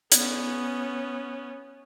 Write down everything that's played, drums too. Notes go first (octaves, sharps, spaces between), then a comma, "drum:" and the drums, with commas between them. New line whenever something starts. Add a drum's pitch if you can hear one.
B3 C#4, drum: hi-hat